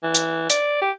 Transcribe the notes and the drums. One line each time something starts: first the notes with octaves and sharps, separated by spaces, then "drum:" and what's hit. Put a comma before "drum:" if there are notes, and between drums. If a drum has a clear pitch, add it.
E3
drum: hi-hat
D5, drum: hi-hat
G4